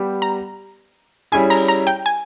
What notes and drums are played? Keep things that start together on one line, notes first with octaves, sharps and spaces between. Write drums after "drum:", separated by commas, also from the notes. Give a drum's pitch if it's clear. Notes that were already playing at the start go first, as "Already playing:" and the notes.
Already playing: G3 B3 G4
A#5
G3 C#4 E4 G#4 G#5
A#5, drum: open hi-hat
A#5
G5, drum: hi-hat
G#5